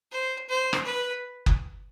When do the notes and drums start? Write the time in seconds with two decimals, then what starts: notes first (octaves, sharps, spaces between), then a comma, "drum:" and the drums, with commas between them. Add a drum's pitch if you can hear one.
0.12 C5
0.49 C5
0.73 drum: rim click
0.85 B4
1.46 drum: kick F#1